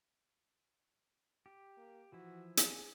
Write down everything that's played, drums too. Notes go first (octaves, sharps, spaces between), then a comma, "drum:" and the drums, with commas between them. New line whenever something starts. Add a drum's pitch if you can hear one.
G4
A#3
E3 F3 E4 F#4
G#4, drum: hi-hat